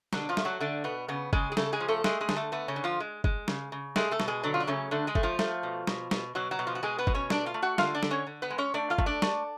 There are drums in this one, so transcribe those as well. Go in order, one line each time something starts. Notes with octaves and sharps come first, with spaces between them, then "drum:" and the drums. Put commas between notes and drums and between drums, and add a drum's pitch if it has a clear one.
B2 D3 D4, drum: snare
F3 F4
A3, drum: snare
F#3 F#4
D3 A3 D4
B2 B3
C#3 B3
C#3 G#3 G#4, drum: kick
G#4
C#3 A3 A4, drum: snare
G#3 G#4
F3
A3 A4
G#3 A3 G#4, drum: snare
G#3 G#4
D3, drum: snare
A3
A3 B3
C#3 C#4
D3
F3 F4
G#3
G#3, drum: kick
C#3, drum: snare
C#3
G#3 A3 G#4, drum: snare
A3 A4
B2, drum: snare
G#3 G#4
D3 F#3 D4
F4
D4
C#3 A3 C#4
D3 A3 D4
G#3 G#4
A3, drum: kick
F3 F4
A3, drum: snare
B2
B2, drum: snare
B2, drum: snare
B2 F#3 F#4
F#3 F#4
B2
F3 F4
F#4
B2 G#3 G#4
B3 B4
B2, drum: kick
C#4 C#5
A3 D4 D5, drum: snare
F4 F5
A3
F#4 F#5
D3 F4 F5, drum: snare
D4 D5
D3, drum: snare
C#4 C#5
D3
B3 B4
G#3
C#4 C#5
A3 D4 D5
F4 F5
A3, drum: kick
D4 D5
A3, drum: snare